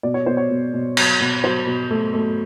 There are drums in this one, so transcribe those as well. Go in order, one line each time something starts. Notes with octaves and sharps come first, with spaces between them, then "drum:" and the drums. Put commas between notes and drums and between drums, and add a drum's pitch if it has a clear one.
B2 D5
C#5
B2 C5
C#5
B2
B2
F#3, drum: cymbal
B2
F#3 C5
B2
A3
A3